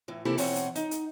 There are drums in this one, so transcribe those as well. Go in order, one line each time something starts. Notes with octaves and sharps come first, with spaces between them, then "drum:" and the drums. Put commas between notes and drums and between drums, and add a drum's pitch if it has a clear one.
A2 E3
C3 E3 A#3 E4 G4 A4
B2 E3 C4 C#5 F#5 A#5, drum: open hi-hat
drum: hi-hat
D#4, drum: hi-hat
drum: hi-hat